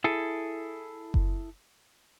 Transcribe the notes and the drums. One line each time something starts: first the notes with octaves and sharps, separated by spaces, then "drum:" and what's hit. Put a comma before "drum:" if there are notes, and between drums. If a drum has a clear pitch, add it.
E4 G#4 A4
drum: kick F#1